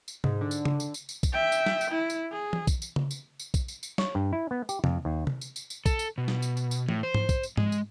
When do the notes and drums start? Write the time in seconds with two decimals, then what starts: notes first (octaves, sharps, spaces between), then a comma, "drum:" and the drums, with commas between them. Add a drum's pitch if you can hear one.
0.08 drum: tambourine
0.24 G#2, drum: tom C3
0.41 D3
0.51 drum: tambourine
0.65 drum: tom C#3
0.80 drum: tambourine
0.94 drum: tambourine
1.09 drum: tambourine
1.23 drum: kick, tambourine
1.33 E5 G5
1.52 drum: tambourine
1.66 drum: snare
1.81 drum: tambourine
1.91 E4
2.10 drum: tambourine
2.32 G#4
2.53 drum: tom E3
2.67 drum: kick, tambourine
2.82 drum: tambourine
2.96 drum: tom C#3
3.11 drum: tambourine
3.39 drum: tambourine
3.54 drum: kick, tambourine
3.68 drum: tambourine
3.83 drum: tambourine
3.98 C#5, drum: snare
4.15 G2
4.33 E4
4.51 B3
4.69 G4, drum: tambourine
4.84 F2, drum: tom C3
5.05 D#2
5.27 drum: tom C3
5.41 drum: tambourine
5.56 drum: tambourine
5.70 drum: tambourine
5.86 A4, drum: kick, tambourine
5.99 drum: tambourine
6.18 B2
6.28 drum: snare
6.42 drum: tambourine
6.57 drum: tambourine
6.71 drum: tambourine
6.89 A2, drum: tom E3
7.03 C5
7.14 drum: tom G#2
7.29 drum: kick, tambourine
7.43 drum: tambourine
7.57 G#3, drum: tom G#2
7.72 drum: tambourine